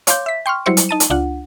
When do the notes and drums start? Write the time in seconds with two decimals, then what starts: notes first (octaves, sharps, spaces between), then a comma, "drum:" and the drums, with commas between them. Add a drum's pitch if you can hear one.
0.07 C#5 F5 C6 D6 G6, drum: hi-hat
0.26 E5 B6
0.46 G5 C6 C#6 F6
0.66 F#3 G3 E4 C5 C#7
0.77 drum: hi-hat
0.89 D#4 A5 D#7
1.00 drum: hi-hat
1.10 C#2 D4 F4 F#5